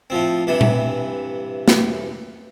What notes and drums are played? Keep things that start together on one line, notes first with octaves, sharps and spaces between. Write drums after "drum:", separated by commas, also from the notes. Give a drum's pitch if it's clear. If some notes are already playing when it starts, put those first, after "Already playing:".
A2 F3 C4
G2 C3 E3 B5
drum: tom A#2
drum: snare